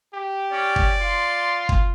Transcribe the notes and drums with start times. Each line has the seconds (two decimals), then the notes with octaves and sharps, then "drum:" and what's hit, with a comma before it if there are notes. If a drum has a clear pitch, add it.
0.14 G4
0.52 C#4 D5
0.76 drum: kick
1.01 F4 C6
1.69 drum: kick